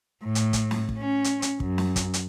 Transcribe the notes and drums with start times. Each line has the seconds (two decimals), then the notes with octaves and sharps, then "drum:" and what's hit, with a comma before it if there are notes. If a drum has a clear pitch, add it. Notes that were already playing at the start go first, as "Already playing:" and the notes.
0.24 A2
0.35 drum: hi-hat
0.53 drum: kick, hi-hat
0.71 drum: snare
0.89 drum: kick
0.98 C#4
1.24 drum: hi-hat
1.42 drum: hi-hat
1.60 F#2, drum: kick
1.78 drum: snare
1.96 drum: kick, hi-hat
2.14 drum: hi-hat